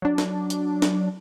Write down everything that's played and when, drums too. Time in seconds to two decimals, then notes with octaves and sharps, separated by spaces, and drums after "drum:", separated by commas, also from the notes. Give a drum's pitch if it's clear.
0.02 F#3 D4
0.18 drum: snare
0.50 drum: hi-hat
0.82 drum: snare